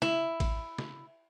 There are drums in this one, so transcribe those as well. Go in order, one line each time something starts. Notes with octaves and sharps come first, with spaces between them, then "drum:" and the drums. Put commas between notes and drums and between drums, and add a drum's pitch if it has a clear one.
E4, drum: snare
drum: kick A1, cymbal
drum: snare